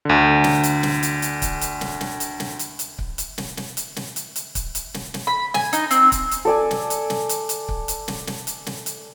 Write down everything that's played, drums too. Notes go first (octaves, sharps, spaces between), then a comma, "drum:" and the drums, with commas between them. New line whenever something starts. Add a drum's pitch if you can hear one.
D2 D3
drum: snare
drum: hi-hat
drum: snare
drum: hi-hat
drum: hi-hat
drum: kick C#1, hi-hat
drum: hi-hat
drum: snare
drum: snare
drum: hi-hat
drum: snare
drum: hi-hat
drum: hi-hat
drum: kick C#1
drum: hi-hat
drum: snare
drum: snare
drum: hi-hat
drum: snare
drum: hi-hat
drum: hi-hat
drum: kick C#1, hi-hat
drum: hi-hat
drum: snare
drum: snare
B5
G#5, drum: snare
D#4, drum: hi-hat
C4, drum: hi-hat
drum: kick C#1, hi-hat
drum: hi-hat
A4 D5 G#5
drum: snare
drum: hi-hat
drum: snare
drum: hi-hat
drum: hi-hat
drum: kick C#1
drum: hi-hat
drum: snare
drum: snare
drum: hi-hat
drum: snare
drum: hi-hat